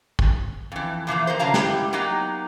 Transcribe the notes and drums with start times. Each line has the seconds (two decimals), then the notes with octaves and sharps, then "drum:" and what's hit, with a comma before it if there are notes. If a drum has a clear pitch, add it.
0.19 drum: kick
0.72 F2 E3
1.07 A#2 E3 F3 A#3
1.27 F3 A#4 C5
1.39 C#3 F#3 E4 F5 A5 A#5
1.54 F#2 G3 E4 G4, drum: snare
1.93 F#3 A#3 B3 D#4 G4